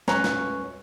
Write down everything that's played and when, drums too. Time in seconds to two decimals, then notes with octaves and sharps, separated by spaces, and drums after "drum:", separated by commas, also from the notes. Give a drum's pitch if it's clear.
0.08 C#4 B4 A#5, drum: snare
0.24 drum: snare